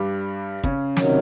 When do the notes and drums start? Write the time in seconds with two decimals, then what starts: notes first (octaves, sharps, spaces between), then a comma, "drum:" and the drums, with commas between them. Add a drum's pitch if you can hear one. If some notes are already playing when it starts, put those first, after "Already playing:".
Already playing: G2 G3
0.64 C#3 C#4, drum: kick
0.97 C3 D#3 F#3, drum: snare